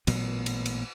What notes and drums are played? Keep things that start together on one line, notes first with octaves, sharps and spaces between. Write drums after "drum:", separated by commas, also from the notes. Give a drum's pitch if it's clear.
A1 A#2 F#3 B3, drum: cymbal
drum: cymbal
drum: cymbal